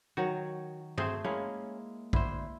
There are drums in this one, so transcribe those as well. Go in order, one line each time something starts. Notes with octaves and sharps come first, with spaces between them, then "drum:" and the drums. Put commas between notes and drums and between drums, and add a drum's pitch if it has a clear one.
D#3 F#3 F#4 C#5
A3 C4 G#4 C5, drum: tom
G#3 A#3 C#4 E4
D2 E4 C5, drum: kick